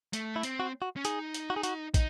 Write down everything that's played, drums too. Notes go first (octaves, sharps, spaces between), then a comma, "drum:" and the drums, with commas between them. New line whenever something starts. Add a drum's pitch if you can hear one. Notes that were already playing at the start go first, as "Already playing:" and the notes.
A3, drum: hi-hat
E4
C4, drum: hi-hat
F#4
F#4
C#4
D#4 G#4, drum: hi-hat
drum: hi-hat
F#4
G#4
F#4, drum: hi-hat
D#4, drum: kick, hi-hat